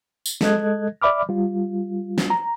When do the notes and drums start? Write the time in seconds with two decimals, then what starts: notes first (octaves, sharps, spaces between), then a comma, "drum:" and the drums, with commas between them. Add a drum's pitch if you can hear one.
0.26 drum: tambourine
0.41 G#3 A4 D#5 F#6 G#6, drum: snare
1.02 D5 E5 B5 D6 F6
1.29 G3 F4
2.18 drum: snare
2.30 A#5